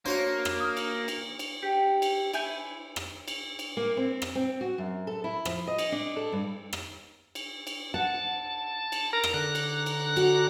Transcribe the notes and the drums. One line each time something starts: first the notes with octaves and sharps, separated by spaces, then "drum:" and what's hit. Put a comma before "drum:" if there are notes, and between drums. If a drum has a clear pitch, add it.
A#3 D4 F#4 C5 C#5 F#5
drum: rim click
D#6 F6
drum: cymbal
drum: cymbal
drum: cymbal
G4
drum: cymbal
E4 G#5 G6, drum: cymbal
drum: rim click
drum: cymbal
drum: cymbal
A#3
C4
drum: rim click
C4
F#4
F#2
A4
E4
F3, drum: rim click
D#5
drum: cymbal
D4
A4
G2
drum: rim click
drum: cymbal
drum: cymbal
F#5 A5
drum: cymbal
A#4 A#5
drum: rim click
D3 A#5 F#6
drum: cymbal
drum: cymbal
F#4, drum: cymbal